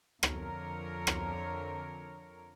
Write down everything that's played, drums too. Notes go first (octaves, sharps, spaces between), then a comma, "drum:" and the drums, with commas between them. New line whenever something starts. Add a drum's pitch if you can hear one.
F2 D3 A#4 C#5, drum: rim click
drum: rim click